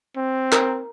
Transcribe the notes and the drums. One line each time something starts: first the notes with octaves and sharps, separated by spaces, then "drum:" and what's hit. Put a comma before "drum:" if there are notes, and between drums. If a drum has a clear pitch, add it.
C4
A#4, drum: clap